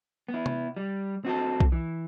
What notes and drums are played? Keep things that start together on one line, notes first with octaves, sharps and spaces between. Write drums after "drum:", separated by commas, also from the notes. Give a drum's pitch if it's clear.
B3
E4
drum: tom C3
G3
C4 F#4 A4
drum: kick B1
E3